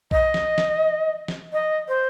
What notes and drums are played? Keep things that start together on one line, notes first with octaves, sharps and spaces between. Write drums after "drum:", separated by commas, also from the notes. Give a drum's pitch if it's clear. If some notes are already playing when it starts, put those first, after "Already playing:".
D#5, drum: kick
drum: snare
drum: snare
drum: snare
D#5
C5